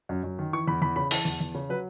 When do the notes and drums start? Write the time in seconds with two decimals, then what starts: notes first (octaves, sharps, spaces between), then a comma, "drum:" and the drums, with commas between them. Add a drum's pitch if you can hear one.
0.09 F#2
0.24 F#2
0.39 D#3
0.53 E3 C#6
0.67 E2 B5
0.82 E2 B5
0.96 C#3 B5
1.11 E3 A5, drum: open hi-hat
1.25 E2
1.41 E2
1.55 C#3
1.69 F#3 B4